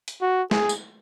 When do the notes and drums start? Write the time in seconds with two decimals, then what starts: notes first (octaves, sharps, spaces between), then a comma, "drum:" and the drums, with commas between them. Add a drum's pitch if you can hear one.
0.08 drum: hi-hat
0.22 F#4
0.51 G#4, drum: snare
0.69 drum: tambourine